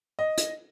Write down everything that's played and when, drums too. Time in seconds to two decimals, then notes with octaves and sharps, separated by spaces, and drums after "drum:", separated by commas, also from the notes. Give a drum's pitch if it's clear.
0.19 D#5
0.38 drum: hi-hat